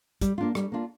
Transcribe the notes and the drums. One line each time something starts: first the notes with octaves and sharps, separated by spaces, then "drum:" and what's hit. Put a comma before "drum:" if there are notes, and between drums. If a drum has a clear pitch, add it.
G3, drum: kick, hi-hat
A#3 D4 F4
G3, drum: rim click
A#3 D4 F4